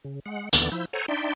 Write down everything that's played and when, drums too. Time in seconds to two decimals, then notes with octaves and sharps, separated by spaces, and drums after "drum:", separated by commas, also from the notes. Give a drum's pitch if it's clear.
0.05 C#3
0.26 G#3 F#5
0.53 D#2 D3 E3 B3 D6 A6, drum: tambourine
0.72 F3 E4 E6 G6
0.93 A4 C5 C#5 F#5 G#5 A#5
1.08 D4 D#4 D5 E5 G5 C6